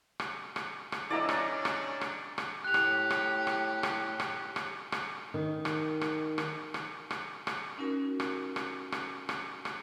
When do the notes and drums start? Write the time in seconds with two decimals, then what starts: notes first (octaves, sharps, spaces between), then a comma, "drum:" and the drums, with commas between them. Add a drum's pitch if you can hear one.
0.20 drum: rim click
0.56 drum: rim click
0.92 drum: rim click
1.10 C#4 D4 E4 D5 D#5 A#5 E6
1.29 drum: rim click
1.65 drum: rim click
2.01 drum: rim click
2.38 drum: rim click
2.64 A2 G4 F#6 F7
2.74 drum: rim click
3.10 drum: rim click
3.47 drum: rim click
3.83 drum: rim click
4.20 drum: rim click
4.56 drum: rim click
4.92 drum: rim click
5.34 D#3
5.65 drum: rim click
6.01 drum: rim click
6.38 drum: rim click
6.74 drum: rim click
7.11 drum: rim click
7.47 drum: rim click
7.78 C#4 D#4 F#4 A#4
8.20 drum: rim click
8.56 drum: rim click
8.92 drum: rim click
9.29 drum: rim click
9.65 drum: rim click